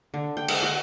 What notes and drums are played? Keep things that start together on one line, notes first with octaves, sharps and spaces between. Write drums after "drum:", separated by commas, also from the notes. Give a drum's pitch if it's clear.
D3
G5
G#3, drum: cymbal
F#4